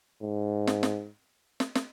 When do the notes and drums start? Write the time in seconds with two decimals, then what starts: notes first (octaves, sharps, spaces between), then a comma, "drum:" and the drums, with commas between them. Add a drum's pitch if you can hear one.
0.22 G#2
0.67 drum: snare
0.83 drum: snare
1.60 drum: snare
1.75 drum: snare